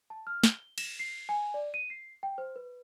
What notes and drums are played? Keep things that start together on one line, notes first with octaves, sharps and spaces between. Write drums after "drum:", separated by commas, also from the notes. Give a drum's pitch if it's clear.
A5
F6
G7, drum: snare
E7, drum: cymbal
C7
G#5
D5
D#7
C7
G5
C5
B4